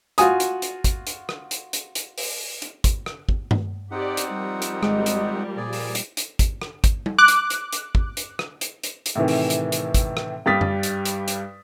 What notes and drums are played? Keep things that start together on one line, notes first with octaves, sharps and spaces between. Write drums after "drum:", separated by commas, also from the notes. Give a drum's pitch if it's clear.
F4 F#4 G#5 D#6, drum: hi-hat
drum: hi-hat
drum: hi-hat
drum: kick, hi-hat
drum: hi-hat
drum: rim click
drum: hi-hat
drum: hi-hat
drum: hi-hat
drum: open hi-hat
drum: hi-hat
drum: kick, hi-hat
drum: rim click
drum: kick
drum: tom G2
C4 D#4 G4 D5 F#5
drum: hi-hat
F3 G3 A#4
drum: hi-hat
G#1 G#3 D#5, drum: rim click
drum: hi-hat
A#2 G#4 D5
drum: open hi-hat
drum: hi-hat
drum: hi-hat
drum: kick, hi-hat
drum: rim click
drum: kick, hi-hat
drum: tom G3
D6 F#6
drum: hi-hat
drum: hi-hat
drum: hi-hat
drum: kick
drum: hi-hat
drum: rim click
drum: hi-hat
drum: hi-hat
drum: hi-hat
A2 C3 D#3 E3
drum: open hi-hat
drum: hi-hat
drum: hi-hat
drum: kick, hi-hat
drum: rim click
G2 G3 D#6 A6 B6
drum: tom F#2
drum: hi-hat
drum: hi-hat
drum: hi-hat